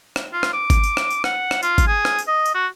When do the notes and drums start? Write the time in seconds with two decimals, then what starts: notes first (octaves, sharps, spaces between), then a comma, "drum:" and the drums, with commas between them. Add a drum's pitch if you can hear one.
0.16 drum: rim click
0.33 F4
0.43 drum: rim click
0.53 D6
0.70 drum: kick G#1, tambourine
0.83 drum: tambourine
0.97 drum: rim click
1.11 drum: tambourine
1.24 F#5, drum: rim click
1.51 drum: rim click
1.63 F4, drum: tambourine
1.78 drum: kick G#1, tambourine
1.88 G#4
2.05 drum: rim click
2.19 drum: tambourine
2.28 D#5
2.46 drum: tambourine
2.55 F#4